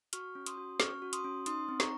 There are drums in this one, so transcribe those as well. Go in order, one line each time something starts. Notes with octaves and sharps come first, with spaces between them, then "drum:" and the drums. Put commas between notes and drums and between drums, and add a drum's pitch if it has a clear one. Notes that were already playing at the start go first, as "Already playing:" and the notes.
F#4 C#6 F6, drum: hi-hat
C#4
C6 D#6, drum: hi-hat
F#4
C#4 C#6 F6, drum: snare
F#4
C6 D#6, drum: hi-hat
C#4
D#4 C6 D#6, drum: hi-hat
C4
A#5 C#6, drum: snare